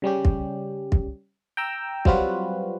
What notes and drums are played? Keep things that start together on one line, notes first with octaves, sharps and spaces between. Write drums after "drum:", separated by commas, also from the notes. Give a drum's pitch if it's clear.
C#3 G3 C#4 G4
drum: kick
drum: kick
G5 A#5 E6
F#3 G3 C4 F4 F#4 B4, drum: kick